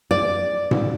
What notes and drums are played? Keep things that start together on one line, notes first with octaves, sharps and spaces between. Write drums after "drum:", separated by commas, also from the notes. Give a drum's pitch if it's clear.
D5
drum: tom G#2